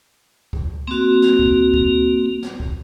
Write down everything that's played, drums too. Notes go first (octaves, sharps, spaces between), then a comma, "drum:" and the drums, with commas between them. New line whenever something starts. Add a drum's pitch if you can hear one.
drum: kick C#2
A#3 C4 F#4
drum: snare
drum: kick C#2
drum: kick C#2
drum: snare
drum: kick C#2